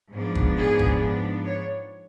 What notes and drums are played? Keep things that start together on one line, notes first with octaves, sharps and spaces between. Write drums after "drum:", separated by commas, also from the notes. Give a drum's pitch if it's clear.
G#2 F3 B3 D4
drum: kick
G#4
drum: kick
C#5